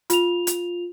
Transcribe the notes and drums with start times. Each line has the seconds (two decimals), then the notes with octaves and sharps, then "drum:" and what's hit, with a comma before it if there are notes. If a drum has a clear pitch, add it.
0.10 F4 F7, drum: hi-hat
0.47 drum: hi-hat